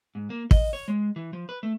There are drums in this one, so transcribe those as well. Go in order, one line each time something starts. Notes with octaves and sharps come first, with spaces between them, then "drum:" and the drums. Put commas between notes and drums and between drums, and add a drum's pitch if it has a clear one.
G#2
A#3
D#5, drum: kick
C#5
G#3
E3
F3
B4
A3